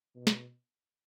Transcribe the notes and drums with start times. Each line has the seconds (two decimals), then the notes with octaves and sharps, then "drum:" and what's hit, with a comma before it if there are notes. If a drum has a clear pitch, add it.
0.16 B2
0.27 drum: snare